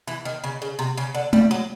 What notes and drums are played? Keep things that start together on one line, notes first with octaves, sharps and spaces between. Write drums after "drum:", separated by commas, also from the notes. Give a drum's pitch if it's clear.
E3
D#3
C#3
C#3
C3
C#3
D3
G3, drum: tom G#3
F#3